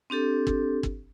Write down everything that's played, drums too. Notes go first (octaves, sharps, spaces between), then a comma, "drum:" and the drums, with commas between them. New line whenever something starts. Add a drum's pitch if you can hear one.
C4 D4 G4 A4
drum: kick
drum: kick